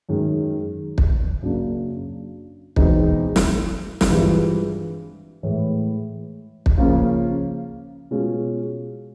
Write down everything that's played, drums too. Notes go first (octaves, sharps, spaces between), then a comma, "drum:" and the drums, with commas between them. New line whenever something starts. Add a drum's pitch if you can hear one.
F#2 D#3 G#3
drum: kick
F#2 C#3 F#3 A#3 D4
E2 B2 G#3 C4 D#4, drum: kick
drum: snare
drum: snare
G2 E3 G#3 C4 F4
A2 E3 G#3
drum: kick
C#3 F3 A#3 C#4 F4
B2 G#3 C#4 F4